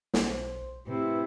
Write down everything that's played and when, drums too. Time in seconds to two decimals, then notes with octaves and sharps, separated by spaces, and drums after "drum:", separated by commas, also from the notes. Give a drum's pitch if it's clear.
0.14 B1 C5, drum: snare
0.87 A2 C3 E4 B4